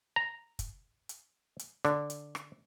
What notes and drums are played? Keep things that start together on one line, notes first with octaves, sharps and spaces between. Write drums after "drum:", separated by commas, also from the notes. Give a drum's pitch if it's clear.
A#5
drum: kick, hi-hat
drum: hi-hat
drum: hi-hat
D3, drum: rim click
drum: hi-hat
drum: rim click